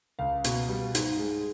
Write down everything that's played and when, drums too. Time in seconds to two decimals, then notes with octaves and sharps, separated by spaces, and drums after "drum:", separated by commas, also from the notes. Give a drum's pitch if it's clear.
0.19 C#2 F5
0.44 B2, drum: hi-hat
0.69 G3
0.95 G#2, drum: hi-hat
1.19 G#3